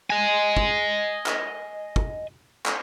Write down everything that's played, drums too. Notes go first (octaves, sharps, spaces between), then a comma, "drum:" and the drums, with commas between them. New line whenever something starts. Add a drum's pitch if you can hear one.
D#5 G#5
drum: kick
drum: clap
drum: kick
drum: clap